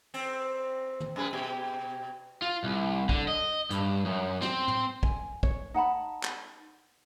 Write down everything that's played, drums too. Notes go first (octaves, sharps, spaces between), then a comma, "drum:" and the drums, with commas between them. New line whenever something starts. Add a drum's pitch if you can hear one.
C4, drum: cymbal
drum: tom
F#2 G#4 B4
B2 G4
F4
C2
D3, drum: kick
D#5
G2, drum: hi-hat
F#2
C4, drum: snare
drum: tom
G#5, drum: kick
C#5, drum: kick
D#4 F#5 A5 B5
drum: clap